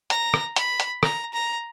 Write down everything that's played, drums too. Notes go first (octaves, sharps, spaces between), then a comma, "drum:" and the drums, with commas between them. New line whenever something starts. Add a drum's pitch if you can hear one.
A#5, drum: hi-hat
drum: rim click
B5, drum: hi-hat
drum: hi-hat
A#5, drum: rim click
A#5